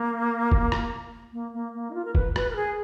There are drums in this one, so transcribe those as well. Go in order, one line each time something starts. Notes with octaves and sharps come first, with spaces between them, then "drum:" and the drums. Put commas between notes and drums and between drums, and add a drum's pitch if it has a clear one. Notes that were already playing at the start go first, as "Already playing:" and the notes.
Already playing: A#3
drum: kick
drum: rim click
A#3
A#3
A#3
D#4
F4
A#4
B4, drum: kick
B4, drum: rim click
A#4
G#4